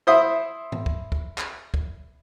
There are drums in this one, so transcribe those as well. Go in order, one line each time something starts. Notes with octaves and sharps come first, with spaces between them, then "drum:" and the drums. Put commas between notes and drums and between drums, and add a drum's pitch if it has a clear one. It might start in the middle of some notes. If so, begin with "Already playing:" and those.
E4 C5 E5 D#6
drum: tom G#2
drum: kick
drum: kick
drum: clap
drum: kick